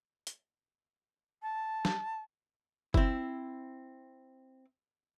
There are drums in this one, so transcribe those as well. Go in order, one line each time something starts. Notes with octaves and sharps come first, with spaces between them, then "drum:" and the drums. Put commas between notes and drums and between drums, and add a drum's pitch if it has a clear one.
drum: hi-hat
A5
drum: snare
C4 E4, drum: kick G1